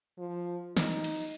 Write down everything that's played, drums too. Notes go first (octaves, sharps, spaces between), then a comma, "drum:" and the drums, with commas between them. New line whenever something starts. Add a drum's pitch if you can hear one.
F3
D#4, drum: snare
drum: cymbal